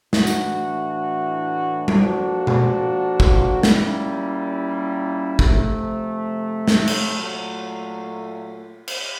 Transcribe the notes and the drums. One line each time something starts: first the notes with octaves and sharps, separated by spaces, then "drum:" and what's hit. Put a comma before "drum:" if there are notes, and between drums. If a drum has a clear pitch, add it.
A2 E3 A3 D4 F#4, drum: snare
drum: tambourine
F3 A#3 D4 F#4 A4, drum: tom G3
drum: tom B2
drum: kick
A#2 G3 A#3 C#4 E4, drum: snare
C3 F3 A3, drum: kick
drum: snare
drum: cymbal
A#2 F#3 A3
drum: cymbal